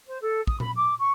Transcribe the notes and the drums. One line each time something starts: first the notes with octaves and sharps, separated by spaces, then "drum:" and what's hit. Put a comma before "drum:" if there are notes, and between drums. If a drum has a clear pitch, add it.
C5
A4
D#6, drum: kick
B5, drum: tom A#2
D6
C#6